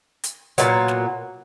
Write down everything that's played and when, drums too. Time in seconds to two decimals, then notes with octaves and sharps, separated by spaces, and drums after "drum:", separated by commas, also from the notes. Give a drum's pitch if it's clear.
0.24 drum: hi-hat
0.58 A#2 F#3 B3, drum: hi-hat
0.88 drum: snare